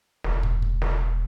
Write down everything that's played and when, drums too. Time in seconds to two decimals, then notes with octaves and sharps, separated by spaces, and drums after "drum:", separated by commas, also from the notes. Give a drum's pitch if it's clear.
0.24 E1, drum: snare
0.43 drum: kick
0.62 drum: kick
0.82 drum: snare